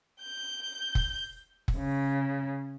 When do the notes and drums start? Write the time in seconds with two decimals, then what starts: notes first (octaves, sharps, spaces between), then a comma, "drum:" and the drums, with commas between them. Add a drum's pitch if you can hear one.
0.22 G6
0.95 drum: kick F1
1.68 drum: kick F1
1.77 C#3